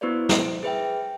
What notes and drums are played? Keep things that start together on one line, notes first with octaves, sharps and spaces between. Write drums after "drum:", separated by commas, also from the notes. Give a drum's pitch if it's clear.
B3 E4 F#4 B4 C5 D5
C5, drum: snare
G#4 B4 E5 G5
G5